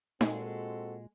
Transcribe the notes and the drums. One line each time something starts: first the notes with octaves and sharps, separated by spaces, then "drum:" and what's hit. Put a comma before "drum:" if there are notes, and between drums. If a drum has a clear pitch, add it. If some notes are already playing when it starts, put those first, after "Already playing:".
A#2 G#3 C4 F#4 A4, drum: snare D#4